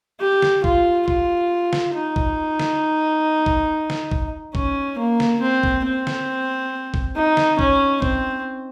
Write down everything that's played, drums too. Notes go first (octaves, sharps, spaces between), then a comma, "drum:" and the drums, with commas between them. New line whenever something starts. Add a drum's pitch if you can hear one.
G4
drum: snare
F4, drum: kick
F4, drum: kick
drum: snare
D#4
drum: kick
drum: snare
drum: kick
drum: snare
drum: kick
C#4, drum: kick
A#3
drum: snare
C4
drum: kick
C4
drum: snare
drum: kick
D#4
drum: snare
C#4, drum: kick
C4, drum: kick